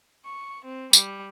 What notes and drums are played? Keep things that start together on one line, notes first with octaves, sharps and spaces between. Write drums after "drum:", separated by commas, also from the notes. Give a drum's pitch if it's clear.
C#6
C4
G3, drum: tambourine